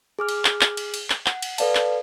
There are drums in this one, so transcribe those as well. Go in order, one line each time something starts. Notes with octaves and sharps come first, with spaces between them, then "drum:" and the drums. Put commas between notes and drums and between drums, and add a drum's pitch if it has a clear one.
G#4 D6 F6
drum: cymbal
drum: clap
drum: clap
drum: cymbal
drum: cymbal
drum: clap
F#5, drum: clap
drum: cymbal
A4 B4 D5 F5 A5, drum: cymbal
drum: clap